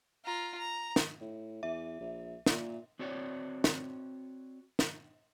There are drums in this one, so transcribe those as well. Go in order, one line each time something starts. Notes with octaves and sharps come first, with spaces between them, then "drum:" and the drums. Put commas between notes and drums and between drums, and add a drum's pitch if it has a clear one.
F4 A#5
A#5
drum: snare
A2
E2 E5
A#1
A#2, drum: snare
C4 F#4 C#5 D5
drum: snare
drum: snare